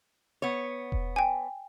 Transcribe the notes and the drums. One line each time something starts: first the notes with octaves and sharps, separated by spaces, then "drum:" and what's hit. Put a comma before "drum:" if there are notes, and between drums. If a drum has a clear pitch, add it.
B3 C#5
drum: kick E1
G5 G#5